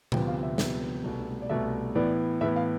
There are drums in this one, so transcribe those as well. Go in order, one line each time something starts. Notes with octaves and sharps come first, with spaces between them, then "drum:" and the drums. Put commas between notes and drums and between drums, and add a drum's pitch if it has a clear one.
D2 C3 F3 B3 G5, drum: tom A#2
F5
E5
D2 C3 F3 B3, drum: snare
C2 B2 A3
D5
C2 B2 A3 E5
A2 E3 B3 D5
A2 E3 B3 E5
F5